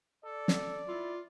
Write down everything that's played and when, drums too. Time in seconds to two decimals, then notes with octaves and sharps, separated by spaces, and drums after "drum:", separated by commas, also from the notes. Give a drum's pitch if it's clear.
0.24 A4 D5
0.48 drum: snare
0.88 E4 F4